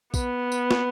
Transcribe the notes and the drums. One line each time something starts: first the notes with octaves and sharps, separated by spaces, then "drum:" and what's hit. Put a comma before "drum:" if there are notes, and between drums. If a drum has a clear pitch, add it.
B3, drum: kick, tambourine
drum: tambourine
drum: snare